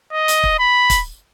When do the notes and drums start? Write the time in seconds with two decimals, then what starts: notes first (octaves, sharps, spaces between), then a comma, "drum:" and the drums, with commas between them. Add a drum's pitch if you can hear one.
0.13 D#5
0.28 drum: hi-hat
0.43 drum: kick
0.59 B5
0.90 drum: kick, hi-hat